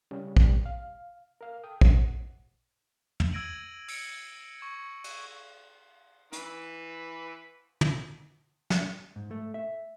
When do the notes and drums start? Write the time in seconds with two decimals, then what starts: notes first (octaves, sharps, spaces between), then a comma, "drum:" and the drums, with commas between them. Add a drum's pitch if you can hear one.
0.11 C#3 G3 C#4
0.37 C3 G3, drum: kick
0.66 F5
1.41 A#4 F5 F6
1.64 A4 G5 D#6
1.81 F#5, drum: kick
3.20 drum: tom
3.32 E6 G#6 A#6 D7 D#7 F#7
3.88 E6 C#7 D7, drum: open hi-hat
4.61 C#6 G#6
5.04 drum: cymbal
6.33 E3 B4, drum: hi-hat
7.81 drum: tom
8.70 drum: snare
9.16 G#2
9.31 A3
9.54 E5